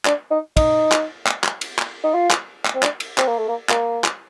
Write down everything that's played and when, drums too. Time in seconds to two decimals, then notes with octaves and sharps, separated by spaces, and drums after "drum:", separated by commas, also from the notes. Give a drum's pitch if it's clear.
0.05 D4, drum: clap
0.31 D#4
0.57 D#4, drum: kick, cymbal
0.92 drum: clap
1.27 drum: clap
1.44 drum: clap
1.61 drum: cymbal
1.79 drum: clap
2.04 D#4
2.14 F4
2.31 drum: clap
2.65 drum: clap
2.75 C4
2.83 D4, drum: clap
3.00 drum: cymbal
3.18 C4, drum: clap
3.28 A#3
3.38 A3
3.48 A#3
3.69 A#3, drum: clap
4.04 drum: clap